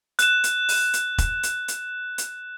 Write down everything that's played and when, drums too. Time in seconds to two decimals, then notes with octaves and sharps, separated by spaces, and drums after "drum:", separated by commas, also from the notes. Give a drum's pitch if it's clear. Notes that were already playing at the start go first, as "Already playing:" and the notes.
0.19 F#6 E7, drum: hi-hat
0.44 drum: hi-hat
0.69 drum: open hi-hat
0.93 drum: hi-hat
1.18 drum: kick E1, hi-hat
1.43 drum: hi-hat
1.68 drum: hi-hat
2.18 drum: hi-hat